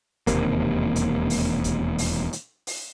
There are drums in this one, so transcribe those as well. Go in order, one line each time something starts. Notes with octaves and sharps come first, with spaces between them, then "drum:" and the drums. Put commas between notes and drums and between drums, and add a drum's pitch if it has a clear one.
E1 D#2 C3 A#3, drum: kick E1, hi-hat
drum: hi-hat
drum: open hi-hat
drum: kick E1, hi-hat
drum: open hi-hat
drum: hi-hat
drum: open hi-hat